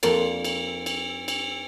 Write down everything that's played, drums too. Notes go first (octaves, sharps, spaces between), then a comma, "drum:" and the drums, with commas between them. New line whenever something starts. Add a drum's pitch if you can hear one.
F2 A#3 D5 C6, drum: cymbal
drum: cymbal
drum: cymbal
drum: cymbal